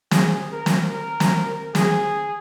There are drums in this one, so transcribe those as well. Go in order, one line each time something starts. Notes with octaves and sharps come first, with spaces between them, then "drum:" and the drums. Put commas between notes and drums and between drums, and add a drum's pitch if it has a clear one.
G#4, drum: snare
A#4
drum: snare
A#4
drum: snare
G#4, drum: snare